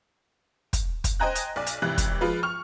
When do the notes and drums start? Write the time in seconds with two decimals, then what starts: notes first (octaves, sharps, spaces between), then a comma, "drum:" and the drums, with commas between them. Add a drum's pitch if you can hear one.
0.73 drum: kick, hi-hat
1.04 drum: kick, hi-hat
1.20 C5 D#5 G5 G#5 A#5 F#6
1.35 drum: hi-hat
1.56 B1 D5
1.66 drum: hi-hat
1.82 G#1 C3 E3 F#6
1.98 drum: kick, hi-hat
2.21 F3 G#3 F4 B4
2.43 C#6 F6 F7